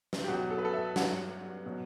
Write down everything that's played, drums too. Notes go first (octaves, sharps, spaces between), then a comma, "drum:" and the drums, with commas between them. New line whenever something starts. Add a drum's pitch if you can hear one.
drum: snare
G4
E2 B2 F#3 F#4
A4
B4
A4
E5
G2 F#3 F#5, drum: snare
B2 F#3